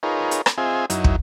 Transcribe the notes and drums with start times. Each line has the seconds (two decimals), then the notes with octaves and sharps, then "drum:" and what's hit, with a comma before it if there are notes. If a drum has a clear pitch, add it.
0.03 D#4 F4 G#4 A#4 B4 C#5
0.31 drum: hi-hat
0.46 drum: rim click
0.58 C4 F4 G#4 D#5 E5 G#5
0.90 F#2 F#3 D#4 E4, drum: hi-hat
1.04 drum: kick